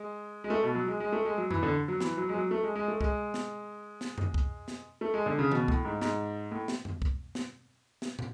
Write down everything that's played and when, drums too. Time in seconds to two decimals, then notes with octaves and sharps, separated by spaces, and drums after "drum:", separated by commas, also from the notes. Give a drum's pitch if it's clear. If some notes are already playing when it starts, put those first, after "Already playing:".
Already playing: G#3
0.44 G#3
0.50 A3
0.63 B2
0.75 F#3
0.88 G#3
1.00 G#3
1.12 A3
1.25 G#3
1.38 F#3
1.51 E3, drum: tom F2
1.63 D3
1.88 F#3
2.00 E3, drum: snare
2.17 F#3
2.29 G#3
2.34 F#3
2.51 A3
2.63 G#3
2.75 G#3
2.88 A3
3.01 G#3, drum: kick
3.34 drum: snare
4.01 drum: snare
4.18 drum: tom F2
4.34 drum: kick
4.68 drum: snare
5.01 A3
5.14 G#3
5.26 D3
5.39 C#3
5.51 B2, drum: tom D#3
5.68 A2, drum: kick
5.85 G#2
6.01 G#2, drum: snare
6.52 A2
6.68 drum: snare
6.85 drum: tom F2
7.02 drum: kick
7.35 drum: snare
8.02 drum: snare
8.19 drum: tom